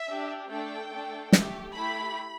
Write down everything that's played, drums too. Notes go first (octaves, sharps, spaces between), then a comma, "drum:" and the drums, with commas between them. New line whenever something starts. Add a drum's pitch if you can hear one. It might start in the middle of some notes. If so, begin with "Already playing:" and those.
Already playing: E5
D4 G4
A3 D4 A4 G5
A3 D4 A4
A3 G4, drum: snare
A3 E4 G4 B5